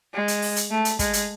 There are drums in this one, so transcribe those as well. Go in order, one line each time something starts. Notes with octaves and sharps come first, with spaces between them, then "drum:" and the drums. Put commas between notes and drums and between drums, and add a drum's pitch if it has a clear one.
G#3
drum: hi-hat
drum: open hi-hat
drum: hi-hat
A3
drum: hi-hat
G#3, drum: kick, hi-hat
drum: hi-hat